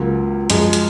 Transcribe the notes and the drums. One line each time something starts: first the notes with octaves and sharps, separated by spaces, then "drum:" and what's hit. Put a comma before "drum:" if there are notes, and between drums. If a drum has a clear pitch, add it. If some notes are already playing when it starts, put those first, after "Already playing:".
Already playing: C#2 C#3 F#3 A#3 F4
F#2 F3 G#3, drum: hi-hat
drum: hi-hat